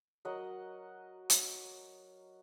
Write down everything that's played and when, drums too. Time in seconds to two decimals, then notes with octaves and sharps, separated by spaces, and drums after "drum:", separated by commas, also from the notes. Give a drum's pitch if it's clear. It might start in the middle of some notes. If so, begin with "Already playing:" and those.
0.25 F#3 A#4 D#5 F#5
1.30 drum: hi-hat